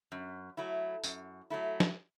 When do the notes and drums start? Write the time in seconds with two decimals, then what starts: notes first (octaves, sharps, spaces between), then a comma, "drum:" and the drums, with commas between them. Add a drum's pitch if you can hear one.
0.12 F#2
0.57 F#3 A3 E4
1.04 F#2, drum: tambourine
1.50 F#3 A3 E4
1.80 drum: snare